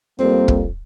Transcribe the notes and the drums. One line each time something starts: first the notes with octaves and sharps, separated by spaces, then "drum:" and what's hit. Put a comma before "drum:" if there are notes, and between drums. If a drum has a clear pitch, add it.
F2 G3 A#3 C4
drum: kick